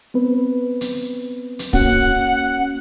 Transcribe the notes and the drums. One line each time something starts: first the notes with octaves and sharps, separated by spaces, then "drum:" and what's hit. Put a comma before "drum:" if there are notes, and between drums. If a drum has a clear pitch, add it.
B3 C4 B4
drum: hi-hat
drum: hi-hat
A#3 C#4 F#4 F#5, drum: kick